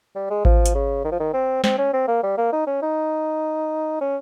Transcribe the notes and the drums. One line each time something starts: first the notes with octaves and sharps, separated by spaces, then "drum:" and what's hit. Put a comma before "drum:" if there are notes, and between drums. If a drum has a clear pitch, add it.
G3
G#3
F3, drum: kick A1
drum: hi-hat
C#3
D#3
F3
D#3
C4
C4, drum: snare
C#4
C4
A#3
G3
A#3
D#4
C#4
D#4
C#4